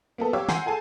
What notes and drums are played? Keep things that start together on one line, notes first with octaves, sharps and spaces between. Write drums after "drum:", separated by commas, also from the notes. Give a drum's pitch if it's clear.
A#3 B3 A4
G4 C#5 F5 D6 E6
F#5 G#5 A#5 C6 G6 C7, drum: snare
G#4 A4 G#5 A5